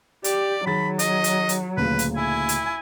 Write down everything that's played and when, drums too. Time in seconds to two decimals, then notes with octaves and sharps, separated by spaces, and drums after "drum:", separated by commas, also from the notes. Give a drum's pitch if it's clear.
0.24 G4 D5, drum: hi-hat
0.66 D#3 F#3 G#4 B5 A6
0.99 D#5, drum: hi-hat
1.24 drum: hi-hat
1.49 drum: hi-hat
1.77 D2 A#2 C#3 B4
1.99 drum: hi-hat
2.17 E4 G#5
2.49 drum: hi-hat